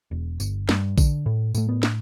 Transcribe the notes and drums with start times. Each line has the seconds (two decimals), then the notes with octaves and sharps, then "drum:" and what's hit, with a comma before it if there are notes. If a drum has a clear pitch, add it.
0.11 E1
0.40 G1, drum: tambourine
0.69 G2, drum: snare
0.98 D3, drum: kick A#1, tambourine
1.26 A2
1.55 A2 A3, drum: tambourine
1.69 B3
1.83 drum: snare